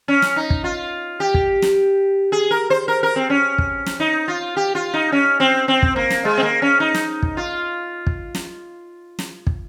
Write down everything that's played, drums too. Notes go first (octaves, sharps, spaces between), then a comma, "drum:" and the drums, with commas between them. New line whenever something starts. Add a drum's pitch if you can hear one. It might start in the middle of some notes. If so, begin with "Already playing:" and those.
C#4
drum: snare
D#4
drum: kick
F4
G4
drum: kick
drum: snare
G#4
A#4
C5
A#4
A#4
C4
C#4
drum: kick
drum: snare
D#4
F4
G4
F4
D#4
C#4
C4
C4
drum: kick
A#3
drum: snare
G#3
C4
A#3
C#4
D#4
drum: snare
drum: kick
F4
drum: kick
drum: snare
drum: snare
drum: kick